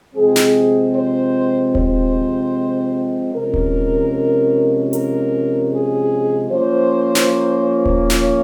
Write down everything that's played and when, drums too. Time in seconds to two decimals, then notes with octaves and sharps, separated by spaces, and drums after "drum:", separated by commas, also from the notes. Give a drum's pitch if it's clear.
0.16 C3 F3 G#3 C4 G#4
0.36 drum: snare
0.95 C5
1.75 C5, drum: kick D#1
3.34 C3 F3 G#3 C#4 A#4
3.54 drum: kick D#1
4.93 A#4, drum: hi-hat
5.73 G#4
6.51 F3 A#3 C#4 C5
7.15 drum: snare
7.86 drum: kick D#1
8.10 C#5, drum: snare